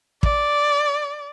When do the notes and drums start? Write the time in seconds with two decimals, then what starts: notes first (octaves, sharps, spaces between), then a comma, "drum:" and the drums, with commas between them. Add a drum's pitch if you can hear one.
0.23 D5, drum: kick